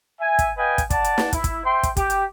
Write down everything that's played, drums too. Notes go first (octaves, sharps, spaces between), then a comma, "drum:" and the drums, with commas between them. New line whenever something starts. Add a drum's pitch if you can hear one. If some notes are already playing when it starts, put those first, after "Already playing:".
E5 G#5
drum: kick, hi-hat
B4 D#5 F5 G5 G#5
drum: kick, hi-hat
D5 F#5 A5, drum: kick, hi-hat
drum: hi-hat
drum: snare
E4, drum: kick, hi-hat
drum: kick, hi-hat
C5 E5 G5 C6
drum: kick, hi-hat
G4, drum: kick, hi-hat
drum: hi-hat